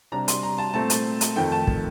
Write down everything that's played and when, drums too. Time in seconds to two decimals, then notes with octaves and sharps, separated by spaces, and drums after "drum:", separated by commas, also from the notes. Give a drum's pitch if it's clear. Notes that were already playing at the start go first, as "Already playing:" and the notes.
0.12 C3 G3 D4 A#5
0.28 C6, drum: hi-hat
0.43 A#5
0.58 A5
0.74 A#2 A3 C4 A5
0.90 drum: hi-hat
1.21 drum: hi-hat
1.36 F2 D#3 A3 G5
1.52 A5
1.67 drum: kick